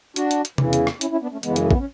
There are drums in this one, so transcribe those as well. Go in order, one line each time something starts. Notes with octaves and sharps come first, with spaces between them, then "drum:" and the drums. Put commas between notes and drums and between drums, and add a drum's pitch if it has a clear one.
D4 F#4, drum: hi-hat
drum: hi-hat
drum: hi-hat
E2 C#3 E3, drum: tom C3
drum: hi-hat
drum: rim click
C#4 E4, drum: hi-hat
C#4 E4
B3 D4
A3 C#4
F#2 C#3 E3 G#3 B3, drum: hi-hat
G#3, drum: hi-hat
A3
B3, drum: kick
C#4